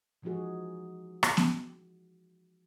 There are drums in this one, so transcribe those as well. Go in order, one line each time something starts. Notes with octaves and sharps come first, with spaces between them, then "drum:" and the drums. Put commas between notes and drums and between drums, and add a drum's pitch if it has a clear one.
E3 F3 G#3 D#4 F#4 G#4
drum: rim click
drum: snare B3